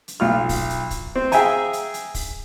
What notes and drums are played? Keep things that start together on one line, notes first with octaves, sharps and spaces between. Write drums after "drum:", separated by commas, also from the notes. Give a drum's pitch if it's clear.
drum: hi-hat
B1 F4 F6
drum: kick, open hi-hat
drum: hi-hat
drum: kick, hi-hat
C4
G#4 E5 F5 G5 G#5 A#5, drum: hi-hat
drum: hi-hat
drum: hi-hat
drum: kick, open hi-hat